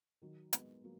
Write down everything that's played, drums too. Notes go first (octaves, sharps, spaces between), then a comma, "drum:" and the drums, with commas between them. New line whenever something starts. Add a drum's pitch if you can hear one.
D#3 F#3
G#3 B3, drum: hi-hat
F#3 A#3